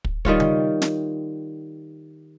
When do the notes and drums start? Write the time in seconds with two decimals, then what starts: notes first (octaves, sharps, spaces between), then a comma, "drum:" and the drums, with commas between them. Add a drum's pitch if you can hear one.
0.05 drum: kick
0.25 D#3 G3 F4 C#5, drum: kick
0.40 drum: tom C#3
0.82 drum: snare